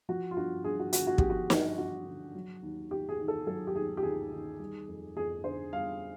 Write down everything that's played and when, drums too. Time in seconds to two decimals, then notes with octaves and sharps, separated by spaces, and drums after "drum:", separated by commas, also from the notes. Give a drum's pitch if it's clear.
0.09 F3 F#4
0.31 F4
0.37 G2 F#4
0.64 G2 G#4
0.80 F#4
0.93 D3 F#4, drum: hi-hat
1.07 F#4
1.18 F3 G4, drum: kick
1.30 F#4
1.50 G2, drum: snare
1.78 G2 F#4
2.06 D3
2.35 F#3
2.62 D#2
2.90 D#2 G4
3.09 G#4
3.19 D#3
3.28 A4
3.47 F#3 A4
3.67 G4
3.75 D#2 G#4
3.97 G4
4.03 D#2 G#4
4.32 D#3
4.59 G3
4.88 F2
5.17 F2 G#4
5.44 D3 C5
5.72 G3 F5